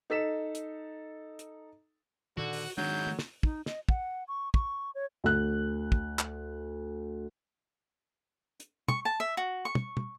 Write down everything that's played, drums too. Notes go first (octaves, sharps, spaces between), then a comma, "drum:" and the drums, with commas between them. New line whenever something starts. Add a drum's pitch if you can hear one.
D#4 A4 B6 E7
drum: hi-hat
drum: hi-hat
A#2 D3 D#3 F#4
drum: open hi-hat
D#3 F#3 G#3 D4 G6
A3
drum: snare
D#4, drum: kick
D#5, drum: snare
F#5, drum: kick
C#6
C#6, drum: kick
C#5
D2 F#6
drum: kick
drum: clap
drum: hi-hat
C#6, drum: tom
A5
E5
F#4
C#6
drum: tom
drum: tom